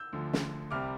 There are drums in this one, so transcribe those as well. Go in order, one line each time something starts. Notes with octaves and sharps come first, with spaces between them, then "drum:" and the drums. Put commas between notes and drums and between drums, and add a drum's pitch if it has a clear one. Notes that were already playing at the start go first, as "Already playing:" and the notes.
Already playing: E6 G6
D2 D3 F3
drum: snare
C2 C3 G3 C4 D6 F6